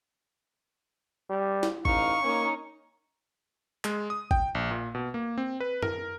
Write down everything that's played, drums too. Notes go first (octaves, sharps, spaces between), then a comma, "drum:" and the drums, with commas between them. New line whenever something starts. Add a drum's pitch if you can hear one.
G3
drum: snare
A1 D#4 F5 C#6, drum: kick G#1
A#3 C#4 D#4
G#3, drum: clap
D#6
G5, drum: kick G#1
A#1
A#2
B2
A#3
C4
B4
A#4, drum: tom F#2